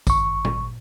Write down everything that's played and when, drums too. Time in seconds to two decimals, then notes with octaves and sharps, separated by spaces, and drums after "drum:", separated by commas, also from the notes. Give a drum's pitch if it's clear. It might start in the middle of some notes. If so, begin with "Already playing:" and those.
0.07 G#1 C#6, drum: kick, tambourine
0.45 drum: tom